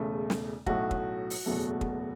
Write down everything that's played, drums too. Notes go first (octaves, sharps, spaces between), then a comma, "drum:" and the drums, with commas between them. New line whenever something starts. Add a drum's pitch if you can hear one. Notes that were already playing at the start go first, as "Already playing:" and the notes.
Already playing: E1 E2 C#3 A3
drum: snare
B1 A2 F#3 A3 F#4, drum: kick
drum: kick
drum: open hi-hat
F#1 E2 B2 F#3 A3
drum: kick